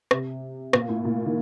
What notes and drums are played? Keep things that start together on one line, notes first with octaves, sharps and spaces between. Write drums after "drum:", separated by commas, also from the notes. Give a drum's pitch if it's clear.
C3, drum: rim click
A#2, drum: rim click
A2
A#2
D#3